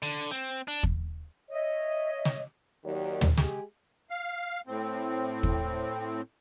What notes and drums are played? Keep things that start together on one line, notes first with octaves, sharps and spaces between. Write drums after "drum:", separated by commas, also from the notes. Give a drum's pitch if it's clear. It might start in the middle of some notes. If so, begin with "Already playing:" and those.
D3
C4
D4
drum: kick
C#5 D#5 E5
drum: snare
D#2 D#3 F#3 G4 D5
drum: tom
G#3 G4 G#4, drum: snare
F5
A2 C4
drum: kick